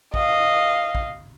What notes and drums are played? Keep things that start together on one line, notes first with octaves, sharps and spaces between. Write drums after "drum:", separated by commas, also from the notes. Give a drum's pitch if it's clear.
D#5 F5, drum: kick
drum: kick